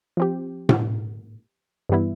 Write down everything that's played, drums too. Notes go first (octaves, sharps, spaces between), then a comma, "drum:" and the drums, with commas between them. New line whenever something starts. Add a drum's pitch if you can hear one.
F3 C4 G4
drum: tom A2
G2 E3 G3 B3 E4